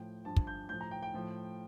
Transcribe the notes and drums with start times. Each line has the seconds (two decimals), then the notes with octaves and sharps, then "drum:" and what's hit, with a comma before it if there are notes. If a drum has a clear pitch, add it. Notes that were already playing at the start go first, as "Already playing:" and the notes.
Already playing: A2 F3 G5
0.25 G2 F3 A5
0.36 drum: kick
0.47 G6
0.69 A2 F3 G6
0.81 A#5
0.91 G5
1.03 G5
1.14 A2 F3